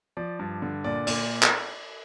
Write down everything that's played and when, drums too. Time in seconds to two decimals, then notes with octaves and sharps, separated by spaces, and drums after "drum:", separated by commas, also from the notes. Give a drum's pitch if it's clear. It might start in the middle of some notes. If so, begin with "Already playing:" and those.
0.17 F3 D5
0.39 G2
0.62 D3
0.84 A#2 D5
1.07 A#2, drum: cymbal
1.43 drum: clap